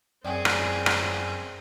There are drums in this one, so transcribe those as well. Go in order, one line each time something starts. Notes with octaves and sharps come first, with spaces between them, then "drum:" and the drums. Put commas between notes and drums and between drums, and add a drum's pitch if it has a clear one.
F#2 C4 G#4 D5 G5 G#5
drum: rim click
drum: rim click